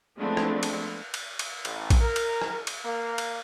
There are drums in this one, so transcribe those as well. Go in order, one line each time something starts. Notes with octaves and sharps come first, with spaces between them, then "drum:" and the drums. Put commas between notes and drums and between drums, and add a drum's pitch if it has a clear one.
F3 G#3 A3 B3 C4 D4
drum: rim click
drum: cymbal
drum: cymbal
drum: cymbal
A1, drum: cymbal
drum: kick A#1, cymbal
A#4
drum: cymbal
drum: rim click
drum: cymbal
A#3
drum: cymbal